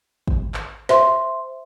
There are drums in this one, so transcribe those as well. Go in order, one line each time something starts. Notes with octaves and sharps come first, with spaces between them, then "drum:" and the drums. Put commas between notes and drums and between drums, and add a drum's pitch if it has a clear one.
drum: kick
drum: clap
C5 E5 C6, drum: snare